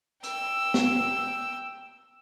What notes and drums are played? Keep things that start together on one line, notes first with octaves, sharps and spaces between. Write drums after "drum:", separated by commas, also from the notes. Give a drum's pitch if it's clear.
G5 E6, drum: hi-hat
drum: snare